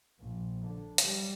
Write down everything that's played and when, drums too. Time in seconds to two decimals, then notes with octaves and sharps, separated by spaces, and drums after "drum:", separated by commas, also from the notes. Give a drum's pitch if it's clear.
0.18 A#1
0.64 D3
0.98 G3, drum: hi-hat